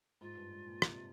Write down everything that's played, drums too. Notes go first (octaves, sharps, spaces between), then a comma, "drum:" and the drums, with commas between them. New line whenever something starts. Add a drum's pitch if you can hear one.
G#2 F4
G2
G#2
A#2
C3, drum: rim click